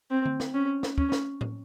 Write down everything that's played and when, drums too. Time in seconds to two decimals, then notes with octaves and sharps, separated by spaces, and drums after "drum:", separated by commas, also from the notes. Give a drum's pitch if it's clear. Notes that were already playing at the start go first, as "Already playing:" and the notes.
0.11 C4
0.25 drum: tom D3
0.40 drum: snare
0.54 C#4
0.83 drum: snare
0.98 C#4, drum: kick
1.12 drum: snare
1.41 drum: tom A2